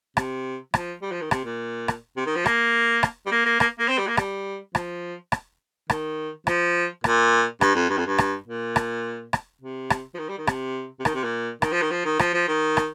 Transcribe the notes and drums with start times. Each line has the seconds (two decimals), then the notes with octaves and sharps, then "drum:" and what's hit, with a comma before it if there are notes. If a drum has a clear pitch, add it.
0.17 C3, drum: rim click
0.74 F3, drum: rim click
1.02 G3
1.12 F3
1.21 D#3
1.31 C3, drum: rim click
1.45 A#2
1.88 drum: rim click
2.17 C3
2.26 D#3
2.36 F3
2.46 A#3, drum: rim click
3.03 drum: rim click
3.26 G3
3.31 A#3
3.46 A#3
3.60 A#3, drum: rim click
3.79 A#3
3.89 C4
3.98 G3
4.08 A#3
4.17 G3, drum: rim click
4.75 F3, drum: rim click
5.32 drum: rim click
5.90 D#3, drum: rim click
6.47 F3, drum: rim click
7.04 A#2, drum: rim click
7.61 G2, drum: rim click
7.75 F2
7.89 G2
7.98 F2
8.07 G2
8.18 drum: rim click
8.47 A#2
8.76 drum: rim click
9.33 drum: rim click
9.62 C3
9.90 drum: rim click
10.14 F3
10.19 D#3
10.29 G3
10.38 D#3
10.47 C3, drum: rim click
11.00 C3
11.05 D#3, drum: rim click
11.15 C3
11.24 A#2
11.62 D#3, drum: rim click
11.72 F3
11.82 D#3
11.91 F3
12.05 D#3
12.19 F3, drum: rim click
12.34 F3
12.48 D#3
12.77 drum: rim click